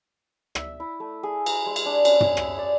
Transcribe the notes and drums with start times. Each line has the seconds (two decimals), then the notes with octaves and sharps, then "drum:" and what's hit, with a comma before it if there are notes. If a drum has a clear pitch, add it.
0.55 E5, drum: rim click
0.80 E4
1.00 A3
1.23 G#4
1.46 A#5, drum: cymbal
1.66 G#3
1.76 drum: cymbal
1.86 D4
2.05 C#4, drum: cymbal
2.20 drum: tom
2.37 E5, drum: rim click
2.58 D5